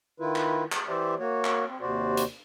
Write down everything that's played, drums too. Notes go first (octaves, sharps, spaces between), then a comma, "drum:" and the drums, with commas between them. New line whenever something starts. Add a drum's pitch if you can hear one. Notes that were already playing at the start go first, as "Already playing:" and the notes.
D#3 E4 F4 B4
drum: clap
drum: clap
E3 G4 C5 D5 E5
A#3 F#4 C#5
drum: clap
C4
D#2 C3 F#4 C5 D5
drum: hi-hat